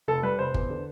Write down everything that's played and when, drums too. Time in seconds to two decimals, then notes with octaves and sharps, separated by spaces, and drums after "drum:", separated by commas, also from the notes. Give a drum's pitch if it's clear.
0.08 F1 A4
0.23 G3 B4
0.39 F1 C5
0.54 E2, drum: kick G1
0.70 D3